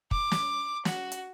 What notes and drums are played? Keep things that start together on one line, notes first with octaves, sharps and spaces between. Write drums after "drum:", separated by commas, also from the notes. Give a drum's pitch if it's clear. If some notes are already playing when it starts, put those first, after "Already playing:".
D6, drum: kick
drum: snare
F#4, drum: snare
drum: hi-hat